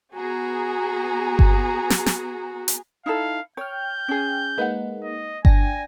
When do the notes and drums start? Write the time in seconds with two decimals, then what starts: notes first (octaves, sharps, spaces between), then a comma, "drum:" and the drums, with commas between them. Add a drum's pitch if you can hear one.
0.16 B3 F#4 G#4 A#5
1.39 drum: kick G1
1.90 drum: snare
2.06 drum: snare
2.68 drum: hi-hat
3.06 D#4 E4 A4 F5
3.57 C#5 G5 F6 G6
4.08 C#4 G#4
4.58 G#3 A#3 D#4 B4 F#5
5.03 D#5
5.45 D4 G5 G#5 A#6, drum: kick G1